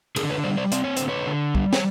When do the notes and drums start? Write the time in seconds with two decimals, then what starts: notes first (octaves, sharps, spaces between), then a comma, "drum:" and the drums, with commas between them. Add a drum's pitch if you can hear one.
0.16 D3 G#4 A#4, drum: cymbal
0.30 B4 C#5
0.44 G3 C5 D5
0.57 C5 D5
0.72 C4 D5, drum: hi-hat
0.84 C#5
0.97 D3 C5, drum: hi-hat
1.09 B4 C#5
1.27 D3
1.55 G3, drum: kick
1.73 C#5, drum: snare